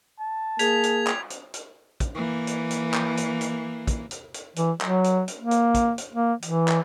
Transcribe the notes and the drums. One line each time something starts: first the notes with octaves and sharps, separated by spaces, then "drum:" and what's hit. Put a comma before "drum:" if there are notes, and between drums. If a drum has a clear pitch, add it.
A5
A#3 G#4 G#6 B6 F7, drum: hi-hat
drum: hi-hat
drum: clap
drum: hi-hat
drum: hi-hat
drum: kick, hi-hat
E3 A#3
drum: hi-hat
drum: hi-hat
drum: clap
drum: hi-hat
drum: hi-hat
drum: kick, hi-hat
drum: hi-hat
drum: hi-hat
E3, drum: hi-hat
F#3, drum: clap
drum: hi-hat
drum: hi-hat
A#3
drum: hi-hat
drum: kick, hi-hat
drum: hi-hat
A#3
E3, drum: hi-hat
drum: clap